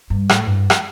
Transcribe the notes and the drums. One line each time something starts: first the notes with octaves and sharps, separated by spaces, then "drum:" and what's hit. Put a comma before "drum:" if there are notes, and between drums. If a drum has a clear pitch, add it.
G2
A2, drum: rim click
G2
drum: rim click